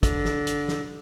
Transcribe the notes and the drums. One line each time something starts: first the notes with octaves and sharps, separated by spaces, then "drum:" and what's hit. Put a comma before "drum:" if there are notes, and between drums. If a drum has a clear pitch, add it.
D3, drum: kick, hi-hat
drum: snare
drum: hi-hat
drum: snare